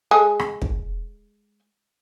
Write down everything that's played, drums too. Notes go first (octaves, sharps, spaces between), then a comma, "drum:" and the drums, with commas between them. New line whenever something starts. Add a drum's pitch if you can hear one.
G#3 G#4 A4
drum: rim click
drum: kick